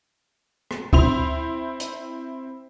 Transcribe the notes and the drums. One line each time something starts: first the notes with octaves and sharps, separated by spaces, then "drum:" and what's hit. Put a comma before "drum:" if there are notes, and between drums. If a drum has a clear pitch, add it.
drum: rim click
C4 E4 C6 F7, drum: kick D2
drum: hi-hat